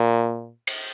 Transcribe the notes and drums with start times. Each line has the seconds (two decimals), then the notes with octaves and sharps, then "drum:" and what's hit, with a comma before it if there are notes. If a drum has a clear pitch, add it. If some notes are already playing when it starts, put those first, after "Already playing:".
Already playing: A#2
0.67 drum: cymbal